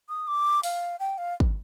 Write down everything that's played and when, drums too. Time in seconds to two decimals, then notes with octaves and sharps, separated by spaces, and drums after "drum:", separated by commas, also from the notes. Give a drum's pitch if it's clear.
0.09 D#6
0.27 D6
0.63 F5, drum: open hi-hat
1.00 G5
1.18 F5
1.40 drum: kick